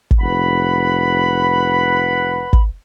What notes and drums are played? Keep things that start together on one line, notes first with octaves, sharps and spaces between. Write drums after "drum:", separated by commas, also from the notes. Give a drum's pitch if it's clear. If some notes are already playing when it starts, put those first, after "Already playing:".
drum: kick
F1 B4 F#5 B5
drum: kick